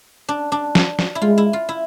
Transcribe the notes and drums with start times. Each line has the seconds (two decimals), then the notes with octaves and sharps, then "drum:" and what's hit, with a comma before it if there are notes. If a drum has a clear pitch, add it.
0.28 D4
0.52 D4
0.75 drum: snare
0.99 drum: snare
1.15 E4
1.21 G#3 F4
1.38 E4
1.53 F4
1.69 E4